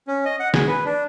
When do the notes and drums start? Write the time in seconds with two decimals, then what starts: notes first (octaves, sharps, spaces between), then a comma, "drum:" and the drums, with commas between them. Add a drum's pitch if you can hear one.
0.07 C#4
0.25 D#5
0.40 F#5
0.54 G#4, drum: snare
0.68 B4
0.85 D4